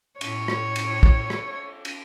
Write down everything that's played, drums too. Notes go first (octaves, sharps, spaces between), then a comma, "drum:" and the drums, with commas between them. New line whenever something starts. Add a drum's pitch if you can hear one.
A2 C#5, drum: cymbal
drum: rim click
drum: cymbal
drum: kick
drum: rim click
drum: cymbal